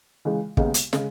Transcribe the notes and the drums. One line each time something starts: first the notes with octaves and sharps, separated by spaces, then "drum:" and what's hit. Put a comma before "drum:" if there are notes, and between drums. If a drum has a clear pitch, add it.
C#2 C#3 E3 G#3
D#2 C#3 G#3 B3 D#4, drum: kick
drum: hi-hat
C#3 G#3, drum: snare